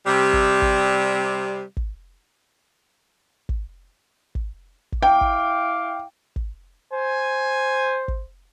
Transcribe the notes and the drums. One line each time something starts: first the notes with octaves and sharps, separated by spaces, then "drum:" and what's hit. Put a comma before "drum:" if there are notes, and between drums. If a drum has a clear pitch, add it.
C3 G3
drum: kick
drum: kick
drum: kick
drum: kick
drum: kick
drum: kick
E4 F5 G5 D6
drum: kick
drum: kick
C5 G#5
drum: kick